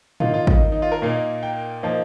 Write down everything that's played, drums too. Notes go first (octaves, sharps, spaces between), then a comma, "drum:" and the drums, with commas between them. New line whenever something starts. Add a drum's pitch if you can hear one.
D#3 A#3 D#4 F4, drum: tom
F4
D#4, drum: kick
D#4
F4
A#4
A#2 A#3 D#4
G5
F3 A#3 D#4